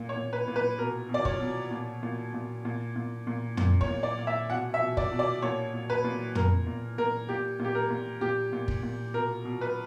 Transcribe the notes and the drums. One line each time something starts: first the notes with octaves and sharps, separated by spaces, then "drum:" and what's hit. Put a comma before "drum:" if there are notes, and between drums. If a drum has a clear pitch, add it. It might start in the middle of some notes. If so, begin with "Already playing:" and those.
Already playing: A#2
C#5
A#2
B4
A#2
B4
B2 A#4
B2
D5
C#5, drum: kick
B2
A#2
A#2
A#2
A#2
A#2
A#2
A#2, drum: tom
C#5, drum: kick
A#2
D5
A#2
E5
B2 F#5
E5
B2
D5, drum: kick
B2
D5
A#2 C#5
A#2
B4
A#2
A#2 A#4, drum: tom
A#2
A#2 A#4
A#2 G4
A#2
G4
A#4
A#2
A#2 G4
A#2
drum: kick
A#2
B2 A#4
B2
B4